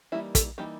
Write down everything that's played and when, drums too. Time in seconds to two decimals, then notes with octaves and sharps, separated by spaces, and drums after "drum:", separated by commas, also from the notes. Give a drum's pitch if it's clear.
0.12 E3 G3 A#3 D#4 E4
0.35 A4, drum: kick, hi-hat
0.58 E3 G3 A#3 D#4 G4